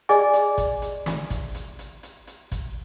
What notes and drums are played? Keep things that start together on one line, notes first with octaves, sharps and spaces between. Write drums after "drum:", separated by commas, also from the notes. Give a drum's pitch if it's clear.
G#4 D5 D#5 G#5, drum: hi-hat
drum: hi-hat
drum: kick G#1, hi-hat
drum: hi-hat
drum: snare
drum: kick G#1, hi-hat
drum: hi-hat
drum: hi-hat
drum: hi-hat
drum: hi-hat
drum: kick G#1, hi-hat